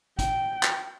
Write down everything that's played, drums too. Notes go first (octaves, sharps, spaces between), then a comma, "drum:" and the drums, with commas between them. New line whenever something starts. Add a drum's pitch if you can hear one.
G5, drum: kick, hi-hat
drum: clap